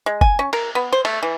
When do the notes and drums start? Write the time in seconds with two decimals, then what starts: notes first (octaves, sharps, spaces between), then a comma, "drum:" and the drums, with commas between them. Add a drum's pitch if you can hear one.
0.06 G#3
0.21 G#5, drum: kick F#1
0.39 C#4
0.53 A#4, drum: cymbal
0.75 B3
0.92 C5
1.05 A3, drum: cymbal
1.23 E3